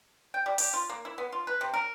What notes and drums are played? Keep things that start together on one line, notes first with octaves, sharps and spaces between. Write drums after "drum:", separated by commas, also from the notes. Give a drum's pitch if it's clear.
G5
G3
G4, drum: open hi-hat
F4
A#3
E4
B3
F4
B4
C3
A#4